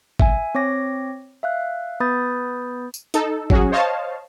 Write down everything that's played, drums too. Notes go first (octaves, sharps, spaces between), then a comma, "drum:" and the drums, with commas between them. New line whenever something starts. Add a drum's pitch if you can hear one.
E5 G#5, drum: kick G#1
C4 C#5 D6 A#6
E5 F5 F#6
B3 B4 B5 D#6 G6 A6
drum: tambourine
D#4 A4, drum: hi-hat
F#3 C#4 F#4 G#4, drum: kick G#1
C5 C#5 D#5 F5 A5